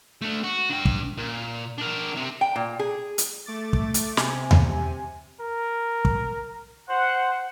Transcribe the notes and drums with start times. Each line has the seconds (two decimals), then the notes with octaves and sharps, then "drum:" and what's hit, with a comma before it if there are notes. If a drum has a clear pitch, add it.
0.22 A3 D4
0.44 F#4
0.70 D4 G5
0.85 drum: kick
1.17 A#2
1.78 D4 A#4
2.16 C3
2.41 G5
2.56 A#2
2.79 G#4
3.18 drum: hi-hat
3.46 A3 D6 A6
3.73 drum: kick
3.94 drum: hi-hat
4.17 C3 G#5, drum: snare
4.51 drum: tom D#2
5.41 A#4
6.05 drum: kick
6.89 C5 F#5